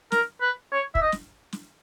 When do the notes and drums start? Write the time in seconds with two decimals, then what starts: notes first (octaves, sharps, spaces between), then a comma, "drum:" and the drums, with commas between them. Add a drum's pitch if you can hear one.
0.12 A#4, drum: snare
0.41 B4
0.72 C#5
0.95 E5, drum: kick
1.02 D#5
1.12 drum: snare
1.53 drum: snare